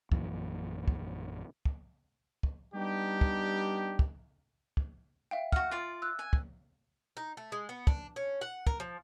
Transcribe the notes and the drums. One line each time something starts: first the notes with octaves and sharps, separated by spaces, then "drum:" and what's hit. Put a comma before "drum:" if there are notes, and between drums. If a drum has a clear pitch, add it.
A#1 F#2 A#2 E3, drum: kick
drum: kick
drum: kick
drum: kick
G3 B3 D4 D#4 G4
drum: kick
drum: kick
drum: kick
E5 F5 G5
F#4 F#5 F6, drum: kick
F4 D5
E6 F#6
G#5
drum: kick
D#4
A3
G#3
B3
D4, drum: kick
C#4
F#5
A#4, drum: kick
F3